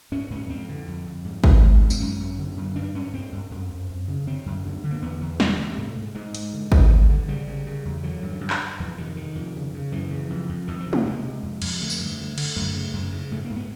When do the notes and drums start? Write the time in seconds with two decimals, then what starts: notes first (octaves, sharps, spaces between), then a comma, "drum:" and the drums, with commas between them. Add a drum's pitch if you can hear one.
0.12 G#2 C#4
0.30 G#2 C#4
0.49 F2 C4
0.69 D3
0.88 F2
1.06 F2
1.24 G#2
1.44 G#2, drum: kick
1.63 G#2
1.81 G#2
1.90 C4, drum: tambourine
2.00 F#2 C#4
2.19 F#2
2.38 D3
2.57 F#2
2.76 G2 D4
2.94 G2 C#4
3.13 G2 C4
3.32 G2
3.51 F#2
3.70 F#2
3.90 F#2
4.08 C#3
4.27 D3 C4
4.46 F#2
4.65 D3
4.84 D3
4.91 A#3
5.02 E2 B3
5.21 E2
5.40 C3, drum: snare
5.59 C3
5.77 G#2 A3
5.97 G#2
6.15 G#2 G#3
6.35 G#2, drum: hi-hat
6.53 D3
6.72 D3, drum: kick
6.90 G2
7.10 D3
7.28 C#3 G3
7.48 C#3
7.67 C#3
7.85 E2
8.03 D3 F#3
8.23 G2
8.41 G2
8.50 drum: clap
8.61 G2
8.80 F2 E3
8.98 C3 D#3
9.16 C3 D#3
9.35 F2
9.55 C#3
9.74 C#3
9.92 F#2 E3
10.11 C#3
10.30 F2
10.49 F2
10.67 F2 D#3
10.80 F3
10.87 C#3
10.93 F#3, drum: tom G#3
11.06 C3 G#3
11.25 C3
11.42 F2
11.62 F2, drum: cymbal
11.80 D3 A3
11.90 drum: tambourine
11.99 G2
12.18 D3
12.38 D3, drum: cymbal
12.56 F#2 A3
12.74 C#3
12.93 F#2
13.12 C#3
13.32 G#2 A3
13.45 A#3
13.50 G#2
13.57 B3